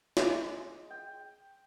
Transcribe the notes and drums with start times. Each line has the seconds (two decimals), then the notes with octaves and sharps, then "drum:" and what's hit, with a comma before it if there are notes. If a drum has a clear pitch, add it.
0.17 G#3, drum: snare
0.91 G5